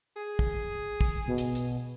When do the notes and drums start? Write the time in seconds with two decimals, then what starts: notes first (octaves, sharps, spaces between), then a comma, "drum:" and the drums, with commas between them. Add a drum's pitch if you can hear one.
0.17 G#4
0.39 drum: kick
1.01 drum: kick
1.27 B2
1.38 drum: hi-hat
1.55 drum: hi-hat